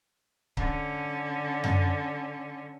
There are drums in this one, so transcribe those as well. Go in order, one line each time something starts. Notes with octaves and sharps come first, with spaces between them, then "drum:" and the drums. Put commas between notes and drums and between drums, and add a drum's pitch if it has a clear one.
D3 C#4, drum: kick C#1
drum: tom F#2